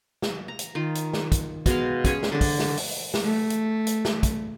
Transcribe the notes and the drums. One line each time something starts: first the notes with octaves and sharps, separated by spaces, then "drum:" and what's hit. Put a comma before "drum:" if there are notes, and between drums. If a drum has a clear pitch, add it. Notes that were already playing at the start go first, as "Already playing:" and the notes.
drum: snare
A#5
drum: hi-hat
D#3 F4
drum: hi-hat
drum: snare
drum: kick, hi-hat
B2 G#3 F5, drum: kick, hi-hat
C#4 G#4 C#5, drum: kick, hi-hat
drum: snare
D3 D4
drum: kick, open hi-hat
drum: snare
drum: open hi-hat
drum: snare
A3
drum: hi-hat
drum: hi-hat
drum: snare
drum: kick, hi-hat